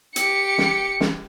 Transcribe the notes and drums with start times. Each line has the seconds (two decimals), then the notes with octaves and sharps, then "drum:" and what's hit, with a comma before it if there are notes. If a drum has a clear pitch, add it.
0.16 G4 C#7, drum: hi-hat
0.58 drum: snare
1.00 drum: snare